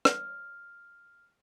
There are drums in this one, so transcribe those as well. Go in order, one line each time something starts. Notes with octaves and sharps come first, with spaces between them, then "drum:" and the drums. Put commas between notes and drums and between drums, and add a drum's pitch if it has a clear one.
F6, drum: rim click